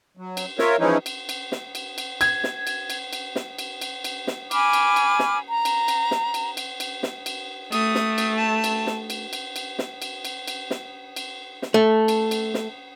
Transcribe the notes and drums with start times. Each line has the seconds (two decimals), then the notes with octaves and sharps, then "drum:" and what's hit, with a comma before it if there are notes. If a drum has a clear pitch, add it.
0.17 F#3
0.37 drum: cymbal
0.59 F4 A#4 C#5 E5, drum: snare
0.79 E3 F3 G#3 C#4 D#4 E4
1.06 drum: cymbal
1.29 drum: cymbal
1.52 drum: snare
1.75 drum: cymbal
1.98 drum: cymbal
2.21 G#6, drum: cymbal
2.44 drum: snare
2.67 drum: cymbal
2.90 drum: cymbal
3.13 drum: cymbal
3.36 drum: snare
3.59 drum: cymbal
3.81 drum: cymbal
4.04 drum: cymbal
4.27 drum: snare
4.51 G#5 B5 D6 F6, drum: cymbal
4.73 drum: cymbal
4.96 drum: cymbal
5.19 drum: snare
5.49 A#5
5.65 drum: cymbal
5.88 drum: cymbal
6.11 drum: snare
6.34 drum: cymbal
6.57 drum: cymbal
6.80 drum: cymbal
7.03 drum: snare
7.26 drum: cymbal
7.72 A3 D#6, drum: cymbal
7.95 drum: snare
8.18 drum: cymbal
8.36 A5
8.64 drum: cymbal
8.87 drum: snare
9.10 drum: cymbal
9.33 drum: cymbal
9.56 drum: cymbal
9.79 drum: snare
10.02 drum: cymbal
10.25 drum: cymbal
10.48 drum: cymbal
10.70 drum: snare
11.16 drum: cymbal
11.62 drum: snare
11.74 A3
12.08 drum: cymbal
12.31 drum: cymbal
12.54 drum: snare